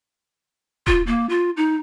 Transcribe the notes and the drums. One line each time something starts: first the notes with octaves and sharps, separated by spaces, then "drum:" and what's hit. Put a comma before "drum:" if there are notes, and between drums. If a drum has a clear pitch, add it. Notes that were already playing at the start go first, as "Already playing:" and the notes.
F4, drum: kick D#1
A#3
F4
D#4